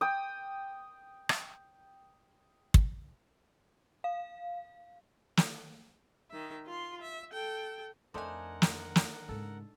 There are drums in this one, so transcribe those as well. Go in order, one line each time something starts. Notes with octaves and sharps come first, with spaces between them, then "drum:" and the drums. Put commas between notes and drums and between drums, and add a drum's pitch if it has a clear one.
G5 D#6
drum: rim click
drum: kick
F5
drum: snare
D#3 E5
F4 C6
E5
A4 G5
F2 A3 D4 D#4 A#4 C5 F#5 G#5
drum: snare
drum: snare
G#2 C#3 A4